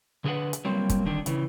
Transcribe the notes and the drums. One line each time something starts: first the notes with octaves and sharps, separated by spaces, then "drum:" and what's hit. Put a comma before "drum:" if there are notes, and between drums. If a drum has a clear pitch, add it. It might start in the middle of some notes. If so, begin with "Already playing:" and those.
D3 D4 G#4 A4 B4 F#5
drum: hi-hat
F#3 G3 A#3 C4
drum: kick, hi-hat
D3 D#3 D4
C#3 E3, drum: hi-hat